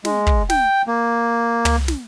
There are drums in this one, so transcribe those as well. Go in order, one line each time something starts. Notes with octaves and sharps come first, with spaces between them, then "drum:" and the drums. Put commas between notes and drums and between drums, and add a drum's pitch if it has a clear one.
G#3, drum: snare
drum: kick
G5, drum: snare
A#3
drum: tom
drum: snare